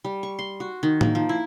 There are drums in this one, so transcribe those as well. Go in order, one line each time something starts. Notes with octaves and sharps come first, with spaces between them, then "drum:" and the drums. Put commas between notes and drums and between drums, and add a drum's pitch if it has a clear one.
G3
C#6
C6
F#4
D#3
A#3, drum: tom A2
F3
E4